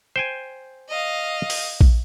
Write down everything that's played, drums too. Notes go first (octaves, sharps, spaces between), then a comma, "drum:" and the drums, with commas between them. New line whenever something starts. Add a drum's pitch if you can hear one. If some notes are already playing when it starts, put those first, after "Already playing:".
C5 G5 G#5
D#5 F5
drum: open hi-hat
drum: kick A#1